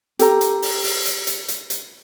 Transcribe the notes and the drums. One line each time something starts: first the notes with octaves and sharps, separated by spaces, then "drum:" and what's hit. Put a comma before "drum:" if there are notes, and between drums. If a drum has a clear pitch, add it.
G4 A4 A#5, drum: hi-hat
drum: hi-hat
drum: open hi-hat
drum: open hi-hat
drum: hi-hat
drum: hi-hat
drum: hi-hat
drum: hi-hat